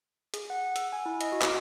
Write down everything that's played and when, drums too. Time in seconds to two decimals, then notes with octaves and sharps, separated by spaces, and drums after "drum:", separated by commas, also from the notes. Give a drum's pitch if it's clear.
0.34 G#4, drum: hi-hat
0.50 F#5
0.76 E6, drum: hi-hat
0.92 G#5
1.06 E4
1.21 D#5, drum: hi-hat
1.32 F#4
1.42 drum: clap